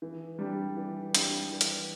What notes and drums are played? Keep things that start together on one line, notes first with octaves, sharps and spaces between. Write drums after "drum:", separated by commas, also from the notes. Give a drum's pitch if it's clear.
E3
G3 D4 G4
E3
G3 D4 G4, drum: hi-hat
E3
drum: hi-hat